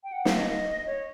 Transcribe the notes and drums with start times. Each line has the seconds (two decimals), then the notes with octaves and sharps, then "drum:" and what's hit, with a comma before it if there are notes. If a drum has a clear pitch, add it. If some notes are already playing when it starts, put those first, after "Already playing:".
0.04 G5
0.12 F#5
0.25 F5, drum: snare
0.37 D#5
0.86 C#5